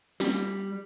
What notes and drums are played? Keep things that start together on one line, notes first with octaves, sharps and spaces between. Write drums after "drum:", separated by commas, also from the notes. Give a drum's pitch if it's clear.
G3, drum: snare